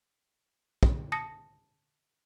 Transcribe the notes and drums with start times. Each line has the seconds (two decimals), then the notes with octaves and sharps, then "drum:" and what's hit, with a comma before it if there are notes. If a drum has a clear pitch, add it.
0.83 drum: kick
1.12 A5 D#6 A#6 C#7